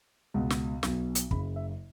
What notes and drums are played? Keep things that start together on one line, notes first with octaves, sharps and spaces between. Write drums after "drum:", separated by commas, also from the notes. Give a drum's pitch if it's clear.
C#2 B2 F#5
drum: snare
B1 B2, drum: snare
drum: hi-hat
F#1 F#2 C#3 B5, drum: kick
E5